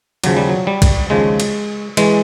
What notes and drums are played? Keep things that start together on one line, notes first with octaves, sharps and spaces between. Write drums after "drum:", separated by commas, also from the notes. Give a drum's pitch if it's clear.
D#2 C#3 F3 F#3, drum: cymbal
G3
F#3
G3
drum: kick A#1, cymbal
D#2 C#3 F3 G#3
drum: cymbal
E3 G#3, drum: cymbal